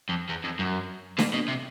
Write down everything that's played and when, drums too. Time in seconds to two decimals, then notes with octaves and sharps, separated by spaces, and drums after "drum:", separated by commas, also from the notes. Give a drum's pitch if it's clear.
0.09 F2
0.29 E2
0.44 F2
0.59 F#2
1.19 A#2, drum: snare D4
1.34 B2
1.48 C3